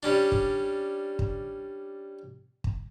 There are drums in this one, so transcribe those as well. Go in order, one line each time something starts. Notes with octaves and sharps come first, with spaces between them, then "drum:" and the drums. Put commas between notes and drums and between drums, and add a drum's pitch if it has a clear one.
G3 C#4 D4
drum: kick
drum: kick
drum: kick